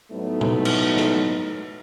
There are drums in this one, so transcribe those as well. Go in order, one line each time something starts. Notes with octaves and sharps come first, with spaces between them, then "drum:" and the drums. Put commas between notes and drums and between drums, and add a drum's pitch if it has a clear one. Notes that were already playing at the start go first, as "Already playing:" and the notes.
A2 F#3 A3 B3 D#4
drum: tom
drum: cymbal
drum: snare